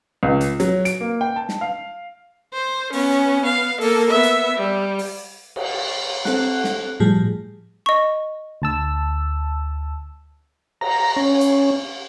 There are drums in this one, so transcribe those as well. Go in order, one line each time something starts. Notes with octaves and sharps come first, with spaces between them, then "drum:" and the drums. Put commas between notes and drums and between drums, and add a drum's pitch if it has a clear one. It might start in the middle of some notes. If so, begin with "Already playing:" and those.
C#2
drum: hi-hat
F#3, drum: hi-hat
D7, drum: hi-hat
A#3
G5
A5
drum: snare
F5
C5
B3 C#4, drum: open hi-hat
B3 F5
A#3 A4, drum: open hi-hat
B3 E5
drum: hi-hat
G3
drum: open hi-hat
drum: cymbal
C4 A4 F#5 F#6, drum: snare
drum: snare
A2 F3 G3 G#4
D#5 C#6
D2 A5 E6
A#5, drum: cymbal
C#4
drum: hi-hat